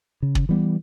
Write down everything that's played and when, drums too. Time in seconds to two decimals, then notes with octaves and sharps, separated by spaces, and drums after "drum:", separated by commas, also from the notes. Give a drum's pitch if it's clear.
0.22 C#3
0.35 drum: kick
0.49 E3 G3 B3